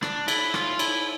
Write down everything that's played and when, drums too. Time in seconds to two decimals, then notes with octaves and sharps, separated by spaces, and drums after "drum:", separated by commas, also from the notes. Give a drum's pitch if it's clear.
0.03 D4, drum: rim click
0.28 E4, drum: cymbal
0.54 F4, drum: rim click
0.79 E4, drum: cymbal